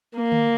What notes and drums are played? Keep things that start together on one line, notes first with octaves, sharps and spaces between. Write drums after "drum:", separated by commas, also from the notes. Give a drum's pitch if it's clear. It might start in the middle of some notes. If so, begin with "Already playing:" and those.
A#3
drum: tom D3